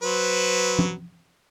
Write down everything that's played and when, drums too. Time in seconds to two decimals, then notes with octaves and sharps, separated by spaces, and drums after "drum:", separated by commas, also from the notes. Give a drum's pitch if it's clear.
0.02 F#3 B4 C5
0.79 drum: tom